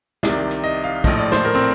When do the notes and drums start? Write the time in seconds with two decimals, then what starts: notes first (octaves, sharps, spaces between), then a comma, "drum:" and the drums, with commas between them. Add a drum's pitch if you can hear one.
0.23 C2 C3 D#3 D5, drum: snare
0.51 drum: hi-hat
0.64 D#5
0.84 F5
1.04 A#1 A2 F3 D#5, drum: kick
1.18 D5
1.32 C5, drum: snare
1.45 A#4
1.55 C4